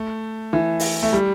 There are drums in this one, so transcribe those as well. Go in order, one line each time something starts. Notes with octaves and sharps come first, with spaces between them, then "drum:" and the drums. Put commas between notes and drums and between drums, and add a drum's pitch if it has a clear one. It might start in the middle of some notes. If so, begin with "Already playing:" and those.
Already playing: A3
E3
drum: open hi-hat
A3
G3